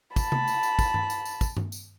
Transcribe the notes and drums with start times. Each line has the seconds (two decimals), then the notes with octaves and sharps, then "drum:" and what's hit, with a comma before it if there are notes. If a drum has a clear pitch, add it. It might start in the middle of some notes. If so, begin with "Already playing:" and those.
0.16 A5 B5, drum: kick, tambourine
0.32 drum: tom C3
0.48 drum: tambourine
0.63 drum: tambourine
0.79 drum: kick, tambourine
0.94 drum: tom G2
1.10 drum: tambourine
1.25 drum: tambourine
1.41 drum: kick, tambourine
1.57 drum: tom G2
1.72 drum: tambourine